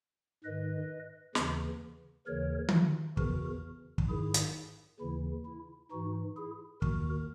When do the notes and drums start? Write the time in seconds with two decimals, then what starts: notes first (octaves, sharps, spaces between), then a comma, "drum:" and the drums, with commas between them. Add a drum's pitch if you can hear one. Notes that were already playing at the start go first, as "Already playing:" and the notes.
0.43 G#2 D#3 B4 D#5
1.35 D#2 C#3 E3, drum: snare
2.27 D#2 C#3 E3 A#4 C#5
2.69 drum: tom D#3
3.17 E2 C#3 E3 F#4 A#4, drum: kick
3.98 drum: kick
4.09 G#2 D#3 E4 G#4
4.34 drum: hi-hat
5.00 D#2 C#3 E3 E4
5.45 E4
5.91 G#2 E3 D#4 F#4
6.37 E4 G#4
6.82 D#2 D#3 F#4 A#4, drum: kick